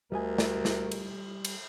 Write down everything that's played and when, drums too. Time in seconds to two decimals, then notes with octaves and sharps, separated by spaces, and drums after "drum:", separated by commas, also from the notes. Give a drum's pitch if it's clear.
0.12 D2 G3 A#4 D#5 G#5
0.38 drum: snare
0.65 drum: snare
0.91 drum: cymbal
1.45 drum: cymbal